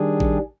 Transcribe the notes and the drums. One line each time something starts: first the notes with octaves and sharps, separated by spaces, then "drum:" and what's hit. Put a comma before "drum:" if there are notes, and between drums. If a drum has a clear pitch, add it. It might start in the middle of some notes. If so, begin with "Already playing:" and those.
Already playing: D#3 G3 D4 G#4
drum: kick A1